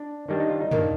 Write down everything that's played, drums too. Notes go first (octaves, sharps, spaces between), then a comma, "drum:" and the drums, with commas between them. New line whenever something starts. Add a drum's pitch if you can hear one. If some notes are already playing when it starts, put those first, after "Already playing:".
Already playing: D4
D#3 G3 D4 D#4
D#4
F4
D#4
D#3 A#3 D4, drum: tom